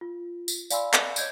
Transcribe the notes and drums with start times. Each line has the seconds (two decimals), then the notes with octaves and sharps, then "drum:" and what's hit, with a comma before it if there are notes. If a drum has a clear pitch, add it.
0.01 F4
0.48 drum: tambourine
0.70 D5 F5 G#5 B5 C6 E6, drum: tambourine
0.93 drum: clap
1.16 C#5 D#5 G6 G#6 D7, drum: tambourine